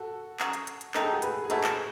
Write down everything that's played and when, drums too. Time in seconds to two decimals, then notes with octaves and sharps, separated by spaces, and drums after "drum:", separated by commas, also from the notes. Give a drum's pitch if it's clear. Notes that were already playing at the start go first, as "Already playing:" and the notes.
Already playing: F#4 A4
0.40 F#3 C#4 G#4, drum: clap
0.53 drum: hi-hat
0.67 drum: hi-hat
0.81 drum: hi-hat
0.94 D#3 A3 D#4 A4, drum: clap
1.03 G#4
1.12 F#4 A4
1.22 G#4 B4, drum: hi-hat
1.44 G#4
1.50 B2 F#3 A3 E4 F#4 A4, drum: hi-hat
1.64 drum: clap